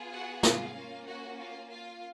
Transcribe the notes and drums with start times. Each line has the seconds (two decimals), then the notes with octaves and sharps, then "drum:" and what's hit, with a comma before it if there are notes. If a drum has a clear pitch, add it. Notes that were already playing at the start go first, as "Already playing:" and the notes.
Already playing: B3 F4 G#4
0.11 F#4 F#5
0.43 F4 F5, drum: snare
0.75 A#3 C#4 F4
1.06 F#4 F#5
1.37 F4 F5
1.69 F4 F5